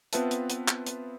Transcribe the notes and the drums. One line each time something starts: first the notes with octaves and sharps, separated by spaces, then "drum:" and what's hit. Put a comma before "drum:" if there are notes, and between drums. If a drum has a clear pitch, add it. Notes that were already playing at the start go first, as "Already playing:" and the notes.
B3 C4 F4 B4 E5 A5, drum: hi-hat
drum: hi-hat
drum: hi-hat
drum: clap
drum: hi-hat